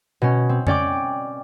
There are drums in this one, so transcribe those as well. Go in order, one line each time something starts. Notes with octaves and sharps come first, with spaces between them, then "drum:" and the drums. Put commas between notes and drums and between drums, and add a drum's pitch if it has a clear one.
B2 C#4
C4
C#4 D5 G5 D6, drum: tom